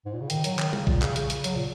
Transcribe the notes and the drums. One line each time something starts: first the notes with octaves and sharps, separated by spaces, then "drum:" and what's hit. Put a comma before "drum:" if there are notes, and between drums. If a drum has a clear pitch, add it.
G#2
A#2
C#3
D#3, drum: hi-hat
F#3, drum: hi-hat
D#3, drum: clap
C#3, drum: tom G3
A#2, drum: kick A#1
C#3, drum: clap
C#3, drum: hi-hat
drum: hi-hat
F#3, drum: hi-hat
A#2